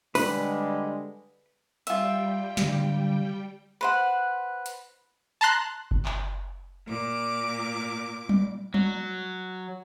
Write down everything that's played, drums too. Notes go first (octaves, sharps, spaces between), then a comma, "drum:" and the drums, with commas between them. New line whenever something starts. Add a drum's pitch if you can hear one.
D3 G3 G#3 B4, drum: open hi-hat
G3 F4 E5 G5, drum: hi-hat
D3 F#3, drum: snare
B4 C5 F#5
drum: hi-hat
A5 A#5 C6 F#6
drum: kick F#1
drum: clap
A#2 D6
drum: tom F#3
F#3, drum: tom F#3